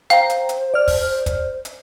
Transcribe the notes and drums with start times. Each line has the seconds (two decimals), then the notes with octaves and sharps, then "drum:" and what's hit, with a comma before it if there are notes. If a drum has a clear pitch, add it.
0.10 C5 F5 G5 A#5, drum: hi-hat
0.30 drum: hi-hat
0.49 drum: hi-hat
0.74 D5 F6
0.88 drum: kick, open hi-hat
1.26 drum: kick, hi-hat
1.65 drum: hi-hat